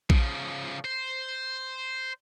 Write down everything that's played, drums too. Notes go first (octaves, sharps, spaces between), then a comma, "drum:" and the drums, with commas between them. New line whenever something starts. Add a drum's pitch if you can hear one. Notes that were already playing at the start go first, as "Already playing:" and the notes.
C#3 F3, drum: kick A#1
C5